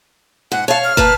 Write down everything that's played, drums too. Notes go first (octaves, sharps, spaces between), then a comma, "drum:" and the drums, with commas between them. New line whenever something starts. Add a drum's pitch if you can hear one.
G#2 F#5
C#5 F5 A5
F6
A#3 B4 A5, drum: kick